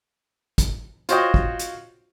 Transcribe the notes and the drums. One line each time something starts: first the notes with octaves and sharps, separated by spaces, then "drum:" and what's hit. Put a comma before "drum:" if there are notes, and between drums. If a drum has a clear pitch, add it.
drum: kick, hi-hat
F4 F#4 C5 C#5 D#5 G5, drum: hi-hat
drum: kick
drum: hi-hat